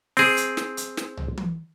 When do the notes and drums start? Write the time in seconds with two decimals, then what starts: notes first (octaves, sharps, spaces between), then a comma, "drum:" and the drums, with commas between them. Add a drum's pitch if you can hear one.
0.17 C4 G#4, drum: open hi-hat
0.37 drum: hi-hat
0.57 drum: snare
0.77 drum: hi-hat
0.97 drum: snare
1.17 drum: tom
1.38 drum: tom E3